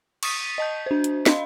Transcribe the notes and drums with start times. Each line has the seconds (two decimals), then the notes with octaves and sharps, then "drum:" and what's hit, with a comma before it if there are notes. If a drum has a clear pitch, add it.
0.23 C#6 D#6 A6 B6 D#7, drum: cymbal
0.58 D#5 A5 G6
0.86 D4 C5
1.04 drum: hi-hat
1.26 D#5 F5 B5 C6, drum: snare